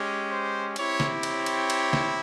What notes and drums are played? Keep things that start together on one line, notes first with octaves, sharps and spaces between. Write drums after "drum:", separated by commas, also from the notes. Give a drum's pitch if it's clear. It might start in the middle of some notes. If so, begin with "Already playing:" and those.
Already playing: G#3 C#4 G4
C5
C4 E4 G4 C#5, drum: cymbal
drum: snare
C#5, drum: cymbal
drum: cymbal
drum: cymbal
drum: snare